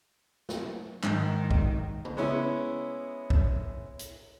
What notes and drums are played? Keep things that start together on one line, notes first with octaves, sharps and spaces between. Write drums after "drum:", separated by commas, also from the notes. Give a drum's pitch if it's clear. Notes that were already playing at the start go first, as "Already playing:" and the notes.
drum: snare
G#2 D#3, drum: clap
drum: kick
drum: tom C#3
G#3 B3 C#4 E4
drum: kick
drum: hi-hat